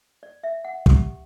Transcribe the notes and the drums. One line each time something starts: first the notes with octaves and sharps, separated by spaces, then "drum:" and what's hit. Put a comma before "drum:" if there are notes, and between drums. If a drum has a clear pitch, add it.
D5
E5
F#5
G4, drum: kick